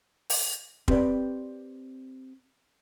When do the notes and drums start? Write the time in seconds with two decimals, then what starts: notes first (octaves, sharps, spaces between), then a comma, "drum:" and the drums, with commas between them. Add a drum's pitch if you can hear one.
0.30 drum: open hi-hat
0.88 C4 G4 B4 D5 G5, drum: kick